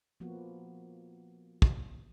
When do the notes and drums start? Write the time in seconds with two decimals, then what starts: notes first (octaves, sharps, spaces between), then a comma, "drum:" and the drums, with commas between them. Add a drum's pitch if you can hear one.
0.20 F3 A#3 B3 F#4
1.62 drum: kick